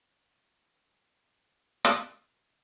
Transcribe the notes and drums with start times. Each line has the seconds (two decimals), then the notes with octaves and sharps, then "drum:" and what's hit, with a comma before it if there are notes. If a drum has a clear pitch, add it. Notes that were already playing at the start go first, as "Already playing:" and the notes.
Already playing: C3 F3 G#3
0.15 D4
0.45 D4
0.73 D4
1.03 D4
1.85 drum: rim click